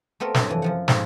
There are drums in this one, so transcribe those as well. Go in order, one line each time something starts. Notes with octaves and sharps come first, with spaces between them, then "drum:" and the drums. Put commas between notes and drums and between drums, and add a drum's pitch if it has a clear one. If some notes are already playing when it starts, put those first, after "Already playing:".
A3 B3 C4 A#4
G2 C3 F#3, drum: snare
F2 E3
F#2 F3 F#5
G#2 C4 C#5 F5, drum: snare